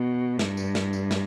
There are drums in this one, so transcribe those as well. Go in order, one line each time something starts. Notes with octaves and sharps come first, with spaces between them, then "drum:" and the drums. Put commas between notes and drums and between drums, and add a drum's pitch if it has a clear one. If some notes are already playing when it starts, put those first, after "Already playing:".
Already playing: B2
G2, drum: snare
drum: tambourine
drum: snare
drum: tambourine
drum: snare